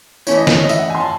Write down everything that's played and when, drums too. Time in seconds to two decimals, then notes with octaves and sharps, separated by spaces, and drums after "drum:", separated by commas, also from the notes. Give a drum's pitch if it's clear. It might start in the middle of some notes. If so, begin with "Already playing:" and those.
0.27 E3 A3 C#4 E4 C#5, drum: tambourine
0.37 D#5
0.47 C#5, drum: snare
0.59 C#5
0.64 D#5
0.69 E5, drum: tambourine
0.79 F#5
0.90 G#5 C6
1.00 A5